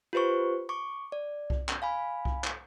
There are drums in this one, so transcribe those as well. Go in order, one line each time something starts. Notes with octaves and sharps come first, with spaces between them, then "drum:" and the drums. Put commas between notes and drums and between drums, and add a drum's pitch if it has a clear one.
F4 G4 B4 C5 C#6
C#6 D6
D5
drum: kick C2
drum: clap
F5 G#5 B5
drum: kick C2
drum: clap